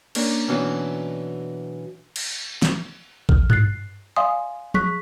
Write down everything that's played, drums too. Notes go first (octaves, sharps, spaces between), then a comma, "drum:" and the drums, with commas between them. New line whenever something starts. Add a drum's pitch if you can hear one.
A#3 C#4 D4 A#4, drum: cymbal
B2 E3 F#3 C#4 D4 F#4
drum: cymbal
drum: snare
F6, drum: kick A#1
F#6 A6 C7, drum: tom G2
D5 E5 F5 G#5 C6 D#6
G#4 C#6 F#6 B6, drum: tom F3